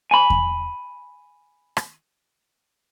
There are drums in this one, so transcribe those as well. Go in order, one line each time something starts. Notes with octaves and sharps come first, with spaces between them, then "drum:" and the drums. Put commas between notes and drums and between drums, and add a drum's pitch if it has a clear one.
G#5 B5
drum: kick E2
drum: rim click